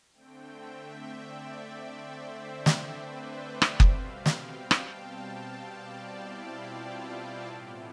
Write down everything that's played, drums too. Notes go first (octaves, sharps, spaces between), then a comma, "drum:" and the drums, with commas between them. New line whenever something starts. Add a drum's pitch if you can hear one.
D3 A3 C4 G5
E5
D5
C5
drum: snare
B4
C5
drum: rim click
B2 G3 C4 F5, drum: kick F#1
G5, drum: snare
A5, drum: rim click
D5
E4
F4
A2 E3 B3